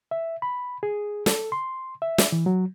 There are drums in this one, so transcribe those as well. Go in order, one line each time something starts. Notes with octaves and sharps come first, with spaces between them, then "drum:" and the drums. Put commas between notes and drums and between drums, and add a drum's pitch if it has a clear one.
E5
B5
G#4
A4, drum: snare
C6
E5
drum: snare
E3
F#3